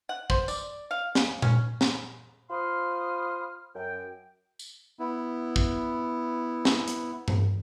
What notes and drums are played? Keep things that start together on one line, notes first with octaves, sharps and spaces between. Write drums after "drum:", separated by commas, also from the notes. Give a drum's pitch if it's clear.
F#5
C5, drum: kick
D5, drum: tambourine
F5
C#3, drum: snare
C#4, drum: tom A#2
drum: snare
F4 C5 B5 C6 D#6 F6
F#2 G5
drum: tambourine
B3 E4
drum: kick
drum: snare
drum: hi-hat
drum: tom G2